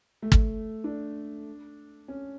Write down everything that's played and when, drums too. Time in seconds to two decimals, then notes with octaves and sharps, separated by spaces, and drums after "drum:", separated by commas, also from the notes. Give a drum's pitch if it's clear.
0.22 A3
0.32 drum: kick
0.84 D4
2.08 C#4